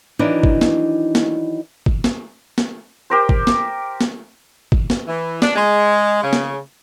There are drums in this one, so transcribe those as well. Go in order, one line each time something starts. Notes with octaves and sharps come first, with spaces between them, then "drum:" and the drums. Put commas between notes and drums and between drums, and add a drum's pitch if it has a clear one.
D#3 E3 F#3 D4 D#4
drum: kick
drum: snare
drum: snare
drum: kick
drum: snare
drum: snare
G4 A#4 C5
drum: kick
drum: snare
drum: snare
drum: kick
drum: snare
E3
D4, drum: snare
G#3
C#3
drum: snare